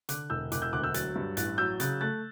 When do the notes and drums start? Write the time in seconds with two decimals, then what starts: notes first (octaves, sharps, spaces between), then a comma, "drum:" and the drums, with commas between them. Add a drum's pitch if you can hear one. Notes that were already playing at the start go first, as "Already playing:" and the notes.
0.09 D3 D6 F#6, drum: hi-hat
0.30 E1 E6 G6
0.52 E1 D6 F#6, drum: hi-hat
0.62 E6 G6
0.73 D2 D6 F#6
0.83 E6 G6
0.94 F#3 F#6 A6, drum: hi-hat
1.16 G2
1.37 A1 F#6 A6, drum: hi-hat
1.58 F#3 E6 G6
1.80 C#3 F#6 A6, drum: hi-hat
2.01 A3 F#6 A6